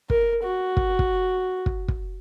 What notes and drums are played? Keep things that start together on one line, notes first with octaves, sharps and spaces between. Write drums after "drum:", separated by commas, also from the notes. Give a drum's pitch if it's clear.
A#4, drum: kick
F#4
drum: kick
drum: kick
drum: kick
drum: kick